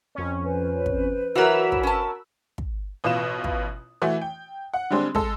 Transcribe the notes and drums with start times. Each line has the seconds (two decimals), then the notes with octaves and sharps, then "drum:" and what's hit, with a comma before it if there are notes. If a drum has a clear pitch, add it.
0.15 F2 C#4
0.44 B4 C5
0.86 drum: kick
1.35 E3 F#3 F#4 A#4 B5 E6
1.72 drum: kick
1.83 C#4 A5
2.58 drum: kick
3.04 A1 B2 F4 B4 E7
3.44 drum: kick
4.02 E3 A3 F#4
4.21 G5
4.74 F#5
4.90 D3 G3 G#3 C4 D4
5.15 G#3 A4, drum: kick